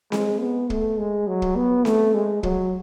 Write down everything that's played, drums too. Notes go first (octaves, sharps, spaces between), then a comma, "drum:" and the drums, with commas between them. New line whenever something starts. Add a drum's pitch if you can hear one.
G#3, drum: snare C4
B3
A3, drum: kick
G#3
F#3
drum: kick
B3
A3, drum: snare C4
G#3
F#3, drum: kick